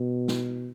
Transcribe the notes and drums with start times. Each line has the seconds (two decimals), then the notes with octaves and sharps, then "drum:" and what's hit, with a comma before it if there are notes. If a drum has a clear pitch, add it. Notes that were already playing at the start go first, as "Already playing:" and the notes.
Already playing: B2
0.28 drum: snare